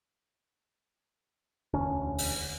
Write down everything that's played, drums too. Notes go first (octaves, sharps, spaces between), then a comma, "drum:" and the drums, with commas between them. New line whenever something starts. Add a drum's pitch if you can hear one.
E1 D2 C#4
drum: open hi-hat